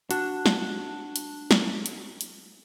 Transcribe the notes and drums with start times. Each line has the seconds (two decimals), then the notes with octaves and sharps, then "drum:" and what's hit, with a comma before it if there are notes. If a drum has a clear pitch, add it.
0.11 D4 F#4, drum: hi-hat
0.46 drum: snare
1.16 drum: hi-hat
1.51 drum: snare
1.86 drum: hi-hat
2.21 drum: hi-hat